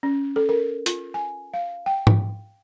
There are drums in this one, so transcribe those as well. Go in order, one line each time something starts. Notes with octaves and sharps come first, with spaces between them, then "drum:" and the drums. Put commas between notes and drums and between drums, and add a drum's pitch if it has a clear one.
C#4
A4
A#4
F4, drum: hi-hat
G#5
F5
G5
drum: tom G#2